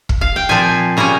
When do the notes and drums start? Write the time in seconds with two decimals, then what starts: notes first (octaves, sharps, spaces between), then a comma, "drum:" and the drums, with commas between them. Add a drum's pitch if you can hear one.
0.09 drum: kick
0.21 F5
0.36 G5
0.49 A#2 F3 C4 G#5
0.97 C#3 G3 A#3 C#4 A#5